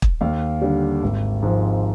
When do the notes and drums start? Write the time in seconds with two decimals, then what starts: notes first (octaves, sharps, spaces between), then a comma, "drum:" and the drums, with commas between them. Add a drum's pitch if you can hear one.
0.02 drum: kick
0.21 D#2 F5
0.62 D3 G3
1.03 G#1
1.43 G#2 F3